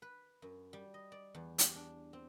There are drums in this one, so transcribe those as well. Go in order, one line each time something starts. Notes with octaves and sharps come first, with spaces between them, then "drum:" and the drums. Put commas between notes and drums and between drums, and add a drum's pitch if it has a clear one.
B4
F#2
G3
D#5
D5
E2
G4, drum: hi-hat
D4
C4